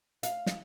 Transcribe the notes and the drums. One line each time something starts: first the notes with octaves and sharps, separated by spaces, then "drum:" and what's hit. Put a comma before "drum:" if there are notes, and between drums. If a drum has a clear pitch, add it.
F5, drum: hi-hat
drum: snare